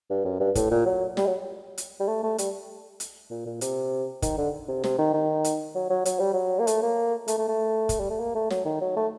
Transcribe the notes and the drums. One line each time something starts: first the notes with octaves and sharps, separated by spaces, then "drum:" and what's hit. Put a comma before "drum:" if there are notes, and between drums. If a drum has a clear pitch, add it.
G2
F#2
G2
A2, drum: kick, hi-hat
A#2
F#3
G3, drum: snare
F#3
drum: hi-hat
G3
A3
A3
G3, drum: hi-hat
drum: hi-hat
A#2
A#2
C3, drum: hi-hat
D#3, drum: kick, hi-hat
D3
C3
C3, drum: snare
D#3
D#3
drum: hi-hat
F#3
F#3
F#3, drum: hi-hat
G3
F#3
A#3
A3, drum: hi-hat
A#3
A3, drum: hi-hat
A3
A3
drum: kick, hi-hat
G3
A3
A#3
A3
F#3, drum: snare
D#3
F#3
A3